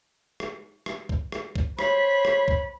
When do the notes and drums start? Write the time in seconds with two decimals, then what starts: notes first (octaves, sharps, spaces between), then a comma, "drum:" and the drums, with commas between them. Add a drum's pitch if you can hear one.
0.40 drum: rim click
0.86 drum: rim click
1.09 drum: kick B1
1.32 drum: rim click
1.55 drum: kick B1
1.79 C5 C#5 B5, drum: rim click
2.25 drum: rim click
2.48 drum: kick B1